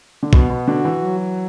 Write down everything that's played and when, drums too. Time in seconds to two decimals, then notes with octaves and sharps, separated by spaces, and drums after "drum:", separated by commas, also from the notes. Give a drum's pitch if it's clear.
0.23 D3
0.33 B2 B3, drum: kick B1
0.50 B2
0.67 D3 F#4
0.85 E3
1.02 F#3